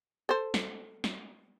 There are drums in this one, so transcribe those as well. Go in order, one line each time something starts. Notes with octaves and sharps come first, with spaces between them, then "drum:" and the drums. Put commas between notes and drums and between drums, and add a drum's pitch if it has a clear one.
A4 C5
drum: snare
drum: snare